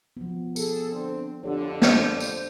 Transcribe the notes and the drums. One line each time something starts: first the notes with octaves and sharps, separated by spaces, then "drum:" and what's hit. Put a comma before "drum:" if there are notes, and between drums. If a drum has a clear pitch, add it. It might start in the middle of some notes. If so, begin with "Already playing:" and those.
F3 B3
B3 G#4 A4, drum: tambourine
D3 C4
F2 D3 D4 G4 C#5
C5 D5 G6, drum: snare
drum: tambourine